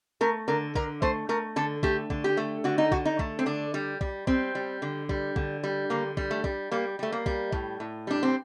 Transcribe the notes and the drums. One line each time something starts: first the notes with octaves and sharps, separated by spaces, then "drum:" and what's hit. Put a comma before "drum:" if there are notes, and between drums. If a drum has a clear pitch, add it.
A3 A#4
D3 A#4
D3 A#4, drum: kick
A3 C5, drum: kick
A3 A#4
D3 A4
A3 G4, drum: kick
D3, drum: kick
G4
A3
D3 F#4
D#4
D3 F#4, drum: kick
D#4
A3, drum: kick
C4
D3 D4
G3
G3, drum: kick
G3 C4, drum: kick
G3
D3
G3, drum: kick
D3, drum: kick
G3
D3 A#3
G3, drum: kick
A3
G3, drum: kick
G3 A#3
G3 A3
A#3
G3, drum: kick
A2, drum: kick
A2
G3 D4
C4